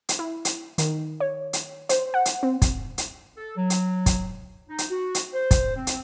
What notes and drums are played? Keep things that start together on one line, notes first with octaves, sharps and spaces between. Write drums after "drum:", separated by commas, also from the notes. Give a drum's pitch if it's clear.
drum: hi-hat
E4
drum: hi-hat
D#3, drum: hi-hat
C#5
drum: hi-hat
C5, drum: hi-hat
F#5
drum: hi-hat
C4
drum: kick, hi-hat
drum: hi-hat
A4
F#3
drum: hi-hat
drum: kick, hi-hat
D#4
drum: hi-hat
F#4
drum: hi-hat
C5
drum: kick, hi-hat
C4
drum: hi-hat